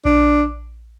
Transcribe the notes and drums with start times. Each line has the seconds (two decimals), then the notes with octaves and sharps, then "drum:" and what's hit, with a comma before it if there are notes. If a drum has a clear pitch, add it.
0.05 D4, drum: kick A#1